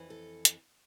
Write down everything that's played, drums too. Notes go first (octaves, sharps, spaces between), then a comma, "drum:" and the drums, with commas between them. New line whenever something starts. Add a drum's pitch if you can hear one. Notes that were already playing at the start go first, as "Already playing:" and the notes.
Already playing: F2 E3
A4
drum: hi-hat